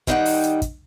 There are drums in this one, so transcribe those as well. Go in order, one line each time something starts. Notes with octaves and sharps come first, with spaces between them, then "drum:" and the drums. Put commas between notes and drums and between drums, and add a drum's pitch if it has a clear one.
D#3 G3 D#4 D5 F#5 G5, drum: kick
drum: open hi-hat
drum: hi-hat
drum: kick, hi-hat